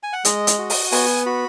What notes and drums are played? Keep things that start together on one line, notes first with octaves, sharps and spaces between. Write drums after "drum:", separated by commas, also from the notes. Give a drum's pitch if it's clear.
G#5
F#5
G#3 D#5, drum: hi-hat
drum: hi-hat
F#4
drum: open hi-hat
B3 G#5, drum: open hi-hat
F#4 B5